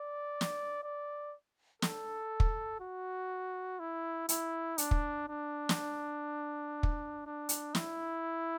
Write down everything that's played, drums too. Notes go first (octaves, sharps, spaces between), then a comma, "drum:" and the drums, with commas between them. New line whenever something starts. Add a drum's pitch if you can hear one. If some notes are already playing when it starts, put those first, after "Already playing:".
Already playing: D5
drum: snare
D5
A4, drum: snare
drum: kick
F#4
E4
E4, drum: hi-hat
D4, drum: hi-hat
drum: kick
D4
drum: snare
drum: kick
D4
drum: hi-hat
E4, drum: snare